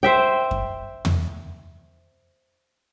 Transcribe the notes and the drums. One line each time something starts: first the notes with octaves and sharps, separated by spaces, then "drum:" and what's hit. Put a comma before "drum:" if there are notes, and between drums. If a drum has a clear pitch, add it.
C5 E5 G5
drum: kick F#2
drum: tom